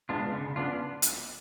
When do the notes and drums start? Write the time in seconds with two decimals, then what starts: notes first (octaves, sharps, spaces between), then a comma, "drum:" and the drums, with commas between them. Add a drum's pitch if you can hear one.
0.09 G#3 B3 D4 F4
0.32 C#3
0.56 B3 D4 F4
1.02 drum: hi-hat